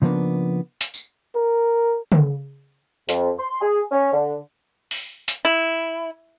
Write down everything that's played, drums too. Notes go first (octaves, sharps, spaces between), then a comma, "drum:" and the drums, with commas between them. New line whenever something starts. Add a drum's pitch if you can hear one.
C#3 F3 A#3 B3 D4
drum: hi-hat
drum: tambourine
A#4
drum: tom C#3
F2, drum: hi-hat
C6
G#4
C#4
D3
drum: open hi-hat
drum: hi-hat
E4